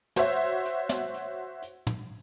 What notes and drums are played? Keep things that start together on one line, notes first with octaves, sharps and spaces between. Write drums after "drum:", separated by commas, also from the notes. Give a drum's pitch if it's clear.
F#4 C5 C#5 E5, drum: snare
drum: hi-hat
drum: snare
drum: hi-hat
drum: hi-hat
drum: tom